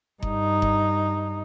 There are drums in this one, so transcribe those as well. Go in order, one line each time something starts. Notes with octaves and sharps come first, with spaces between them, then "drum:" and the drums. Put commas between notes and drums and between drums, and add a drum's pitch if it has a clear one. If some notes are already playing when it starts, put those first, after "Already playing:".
G2 D#4, drum: kick F#1
drum: kick F#1